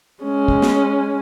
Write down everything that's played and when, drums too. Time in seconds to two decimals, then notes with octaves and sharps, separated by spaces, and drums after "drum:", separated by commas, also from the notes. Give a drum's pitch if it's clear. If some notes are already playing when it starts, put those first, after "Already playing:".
0.24 G#3 C#4
0.48 drum: kick
0.62 drum: snare